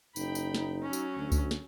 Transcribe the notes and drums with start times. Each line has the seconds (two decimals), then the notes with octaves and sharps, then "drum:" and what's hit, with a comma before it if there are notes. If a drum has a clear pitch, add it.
0.16 F#1 D#4 G5 B5, drum: tambourine
0.35 drum: tambourine
0.55 drum: snare
0.82 F#3 C#4
0.93 drum: tambourine
1.16 D2
1.32 drum: kick C#2, tambourine
1.51 drum: snare